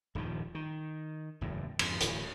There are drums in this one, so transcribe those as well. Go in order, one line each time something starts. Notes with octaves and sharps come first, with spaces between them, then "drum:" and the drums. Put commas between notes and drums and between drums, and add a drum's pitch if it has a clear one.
D#1 G2 D#3 F3
D#3
F#1 E2 A2
F2 G#2 D3, drum: cymbal
D1 E3, drum: hi-hat